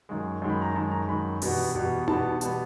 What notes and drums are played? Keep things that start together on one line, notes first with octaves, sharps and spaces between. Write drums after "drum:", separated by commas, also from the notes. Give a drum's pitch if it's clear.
F#2 D#3 G#3
F#2 D#3 G#3
B5
A#5
F#2 D#3 G#3 A5
A#5
F#2 D#3 G#3 B5
E2 B2 G3 B3, drum: open hi-hat
E2 B2 G3 B3
E2 B2 G3 B3 A5, drum: tom D#4
B2 G3 B3 A5, drum: hi-hat